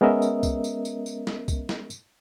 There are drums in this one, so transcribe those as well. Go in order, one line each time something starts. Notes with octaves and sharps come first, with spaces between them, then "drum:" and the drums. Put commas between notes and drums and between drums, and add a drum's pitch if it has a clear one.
G#3 B3 C#4 A#4 D#5 E5
drum: tambourine
drum: kick C2, tambourine
drum: tambourine
drum: tambourine
drum: tambourine
drum: snare
drum: kick C2, tambourine
drum: snare
drum: tambourine